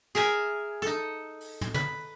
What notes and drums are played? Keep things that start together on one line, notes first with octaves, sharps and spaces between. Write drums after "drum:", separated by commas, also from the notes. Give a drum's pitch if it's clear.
G#4 A#4 E5 G#5
D#4 A4
drum: open hi-hat
drum: tom
B4, drum: tom